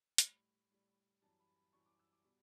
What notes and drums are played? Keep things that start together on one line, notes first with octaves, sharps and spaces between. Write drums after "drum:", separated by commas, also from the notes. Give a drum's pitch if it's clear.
A2 G3 B5, drum: hi-hat
A2 G3
F#2 E3 G3 A5
B5
B5
F#2 E3 G3 C#6
D6
E6
D6
B2 G3